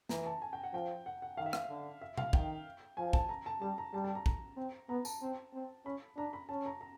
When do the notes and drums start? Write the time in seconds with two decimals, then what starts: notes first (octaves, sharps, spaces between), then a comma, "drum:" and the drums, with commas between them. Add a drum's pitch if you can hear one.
0.09 E3 A#5, drum: snare
0.26 A5
0.42 G#5
0.53 G5
0.64 F#5
0.73 F3 G5
1.06 F#5
1.22 F#5
1.37 D#3 F5
1.46 E5
1.53 F5, drum: rim click
1.69 D3
2.01 E5
2.17 F5, drum: tom B2
2.33 D#3 G5, drum: kick
2.97 F3 G#5
3.13 A5, drum: kick
3.29 A#5
3.46 A5
3.61 G3 A5
3.78 A#5
3.93 G3 A5
4.04 A5
4.15 A#5
4.26 A#5, drum: kick
4.57 C4
4.89 B3 A#5
5.05 A5, drum: tambourine
5.22 C4
5.54 C4
5.85 C#4 B5
6.17 D4 A#5
6.33 B5
6.49 C#4 A5
6.66 A#5
6.81 A#5